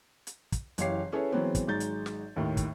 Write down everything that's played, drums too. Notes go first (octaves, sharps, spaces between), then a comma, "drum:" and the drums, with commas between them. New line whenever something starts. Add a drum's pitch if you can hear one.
drum: hi-hat
drum: kick, hi-hat
F#1 E3 G4 C#5 F5 C7, drum: hi-hat
C#4 E4 G#4 A4 B4 C#5
E3 F#3 G#3 B3 C4
drum: kick, hi-hat
G#1 F#3 G#3 D#4 G6 A6
drum: hi-hat
drum: snare
D#2 A2 D#3
drum: kick, hi-hat